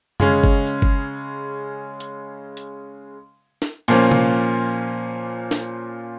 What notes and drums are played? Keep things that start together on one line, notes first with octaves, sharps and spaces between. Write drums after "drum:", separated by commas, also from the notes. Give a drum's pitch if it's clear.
C#3 G#3 C#4, drum: tom F#2
drum: kick G1
drum: hi-hat
drum: kick G1
drum: hi-hat
drum: hi-hat
drum: snare
A#2 F3 A#3 C#4, drum: hi-hat
drum: tom C3
drum: snare